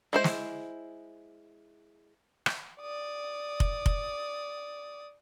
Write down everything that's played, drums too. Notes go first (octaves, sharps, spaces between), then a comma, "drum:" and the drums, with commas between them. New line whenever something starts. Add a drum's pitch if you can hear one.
G#3 E4 C5
drum: snare
drum: rim click
D5 D#6
drum: kick F1
drum: kick F1